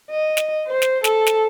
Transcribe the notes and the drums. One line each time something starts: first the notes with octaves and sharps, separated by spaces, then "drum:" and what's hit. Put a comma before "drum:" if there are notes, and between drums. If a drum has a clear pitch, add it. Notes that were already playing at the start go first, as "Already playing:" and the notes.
D#5
drum: snare
C5
drum: snare
A4, drum: snare
drum: snare